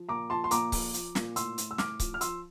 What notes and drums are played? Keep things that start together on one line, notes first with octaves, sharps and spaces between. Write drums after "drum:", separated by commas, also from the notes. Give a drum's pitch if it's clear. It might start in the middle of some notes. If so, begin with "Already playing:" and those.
Already playing: F3
A#2 A#5 D6
F3 A5 C6
C6
A#2 A#5 D6, drum: hi-hat
F3, drum: kick C#1, open hi-hat
F3, drum: hi-hat
A#2, drum: snare
A2 C6 E6, drum: hi-hat
A2, drum: hi-hat
E6
A2 D6 F6, drum: snare
F3, drum: kick C#1, hi-hat
F6
F3 C6 E6, drum: hi-hat